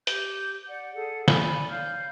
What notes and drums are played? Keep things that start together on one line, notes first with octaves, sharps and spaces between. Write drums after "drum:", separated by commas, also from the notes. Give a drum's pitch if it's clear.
G4 G6, drum: hi-hat
D5 F#5
G#4 A4 F#5
D5 G#5 B5, drum: snare
C#5 F5 F6 G6